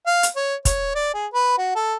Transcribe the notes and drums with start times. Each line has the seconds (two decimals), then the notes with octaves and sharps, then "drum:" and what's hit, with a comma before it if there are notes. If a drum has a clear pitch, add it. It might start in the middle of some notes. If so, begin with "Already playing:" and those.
0.06 F5
0.23 drum: hi-hat
0.36 C#5
0.65 C#5, drum: kick, hi-hat
0.95 D5
1.14 G#4
1.33 B4
1.58 F#4
1.75 A4